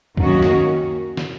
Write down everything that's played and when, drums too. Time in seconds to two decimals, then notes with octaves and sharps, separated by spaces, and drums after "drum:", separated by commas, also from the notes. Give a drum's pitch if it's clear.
0.17 F#2 D#3 A#3 C#4 F#4, drum: kick
0.42 drum: snare
1.17 drum: snare